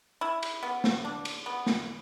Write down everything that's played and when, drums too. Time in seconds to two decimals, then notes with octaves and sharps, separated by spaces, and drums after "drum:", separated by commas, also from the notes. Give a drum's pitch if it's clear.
0.21 E4
0.43 drum: cymbal
0.63 B3
0.84 drum: snare
1.05 D4
1.25 drum: cymbal
1.46 B3
1.66 drum: snare